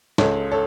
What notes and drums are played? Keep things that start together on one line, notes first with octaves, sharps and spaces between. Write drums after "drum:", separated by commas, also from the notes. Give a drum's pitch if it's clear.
C#2 C#3 G#3 A4 C#5, drum: snare
A4 C#5